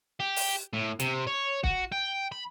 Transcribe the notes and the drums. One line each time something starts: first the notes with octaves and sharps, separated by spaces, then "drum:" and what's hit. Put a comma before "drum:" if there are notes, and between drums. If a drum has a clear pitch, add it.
G4
drum: open hi-hat
A2
C3, drum: hi-hat
C#5
F#4, drum: kick
G5
B5